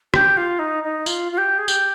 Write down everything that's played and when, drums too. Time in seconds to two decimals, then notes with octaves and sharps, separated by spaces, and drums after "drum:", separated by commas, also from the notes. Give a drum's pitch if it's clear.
0.14 G4, drum: rim click
0.37 F4
0.59 D#4
0.84 D#4
1.06 F4, drum: tambourine
1.32 F4
1.38 G4
1.58 G#4
1.68 G4, drum: tambourine